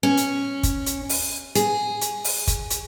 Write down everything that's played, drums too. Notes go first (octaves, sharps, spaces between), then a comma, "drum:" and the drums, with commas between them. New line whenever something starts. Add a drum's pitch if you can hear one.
C#4
drum: hi-hat
drum: kick, hi-hat
drum: hi-hat
drum: open hi-hat
G#4, drum: hi-hat
drum: hi-hat
drum: open hi-hat
drum: kick, hi-hat
drum: hi-hat